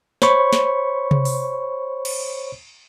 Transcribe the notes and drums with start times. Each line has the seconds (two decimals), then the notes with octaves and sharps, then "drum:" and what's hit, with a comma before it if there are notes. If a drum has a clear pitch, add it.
0.22 C5 C#5 B5 C#6, drum: snare
0.53 drum: snare
1.11 drum: tom C3
1.25 drum: open hi-hat
2.05 drum: cymbal